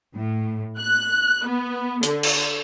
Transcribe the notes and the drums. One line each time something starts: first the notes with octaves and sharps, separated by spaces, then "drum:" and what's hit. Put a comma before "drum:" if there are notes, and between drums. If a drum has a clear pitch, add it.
A2
F#6
B3
D3, drum: hi-hat
drum: cymbal